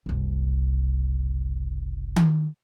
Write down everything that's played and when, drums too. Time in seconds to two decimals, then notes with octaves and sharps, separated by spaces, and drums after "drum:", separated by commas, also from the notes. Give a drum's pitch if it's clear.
0.06 F#1 C2
2.16 drum: tom D#3